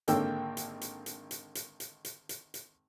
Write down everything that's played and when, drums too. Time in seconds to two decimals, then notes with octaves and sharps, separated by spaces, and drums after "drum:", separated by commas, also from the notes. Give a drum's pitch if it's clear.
0.08 G#1 D3 A#3 G5 E6, drum: hi-hat
0.57 drum: hi-hat
0.81 drum: hi-hat
1.06 drum: hi-hat
1.31 drum: hi-hat
1.55 drum: hi-hat
1.80 drum: hi-hat
2.05 drum: hi-hat
2.29 drum: hi-hat
2.54 drum: hi-hat